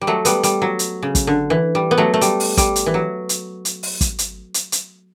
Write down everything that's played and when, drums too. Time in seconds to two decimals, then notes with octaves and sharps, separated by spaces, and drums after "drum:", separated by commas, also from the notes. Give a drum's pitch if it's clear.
0.01 G3
0.07 F#3 A3
0.25 G3 B3, drum: hi-hat
0.43 G3, drum: hi-hat
0.62 F#3
0.79 drum: hi-hat
1.03 C#3
1.15 drum: kick, hi-hat
1.27 D3
1.50 E3
1.75 G3
1.91 B3
1.98 F#3 A3
2.14 A3
2.21 G3, drum: hi-hat
2.40 drum: open hi-hat
2.57 G3, drum: kick, hi-hat
2.76 drum: hi-hat
2.86 E3
2.94 F#3
3.29 drum: hi-hat
3.65 drum: hi-hat
3.83 drum: open hi-hat
4.01 drum: kick, hi-hat
4.19 drum: hi-hat
4.54 drum: hi-hat
4.72 drum: hi-hat